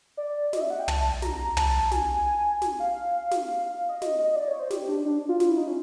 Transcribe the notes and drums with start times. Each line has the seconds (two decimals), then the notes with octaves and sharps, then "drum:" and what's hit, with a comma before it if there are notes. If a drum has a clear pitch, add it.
0.17 D5
0.53 D#5, drum: snare
0.61 E5
0.70 F#5
0.79 G5
0.88 A5, drum: tom
1.22 A#5, drum: snare
1.57 A5, drum: tom
1.91 G#5, drum: snare
2.27 G#5
2.62 drum: snare
2.80 F5
3.31 drum: snare
3.66 F5
3.89 D#5
4.02 D#5, drum: snare
4.19 D#5
4.36 D5
4.48 C#5
4.59 C5
4.71 G4, drum: snare
4.89 D4
5.06 D4
5.29 F4
5.40 F4, drum: snare
5.49 E4
5.57 D#4
5.67 C#4